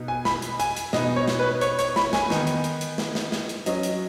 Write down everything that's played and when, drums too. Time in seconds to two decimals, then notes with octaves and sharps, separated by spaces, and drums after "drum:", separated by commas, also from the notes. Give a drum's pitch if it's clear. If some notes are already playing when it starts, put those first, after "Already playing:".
Already playing: B2 B3 D#4
0.08 G#5
0.25 B5, drum: snare
0.42 drum: hi-hat
0.60 G#5, drum: hi-hat
0.76 drum: hi-hat
0.93 B2 B3 D#4 D#5, drum: snare
1.16 C#5
1.28 drum: snare
1.39 B4
1.61 C#5, drum: hi-hat
1.79 C#5, drum: hi-hat
1.96 B5, drum: snare
2.13 G#5, drum: snare
2.30 D#3 B3 D#4, drum: snare
2.47 drum: hi-hat
2.64 drum: hi-hat
2.81 drum: hi-hat
2.98 drum: snare
3.15 drum: snare
3.32 drum: snare
3.49 drum: hi-hat
3.66 F#3 C#4 D#5, drum: hi-hat
3.83 drum: hi-hat